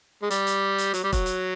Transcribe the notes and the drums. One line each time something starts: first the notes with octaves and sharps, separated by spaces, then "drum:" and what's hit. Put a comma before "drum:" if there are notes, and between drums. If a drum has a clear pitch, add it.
G#3
G3, drum: hi-hat
drum: hi-hat
drum: hi-hat
F#3, drum: hi-hat
G3
F#3, drum: kick E1, hi-hat
drum: hi-hat